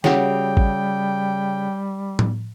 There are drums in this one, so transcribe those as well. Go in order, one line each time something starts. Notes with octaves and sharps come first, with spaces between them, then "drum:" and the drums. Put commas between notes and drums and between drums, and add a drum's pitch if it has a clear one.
C#3 G3 F#4 G4 G5, drum: snare
drum: kick G#1
drum: tom A2